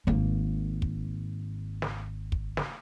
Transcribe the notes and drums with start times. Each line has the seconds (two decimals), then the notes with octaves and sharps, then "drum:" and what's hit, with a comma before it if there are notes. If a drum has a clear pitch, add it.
0.07 G#1 A#3
0.82 drum: kick
1.82 drum: snare
2.32 drum: kick
2.57 drum: snare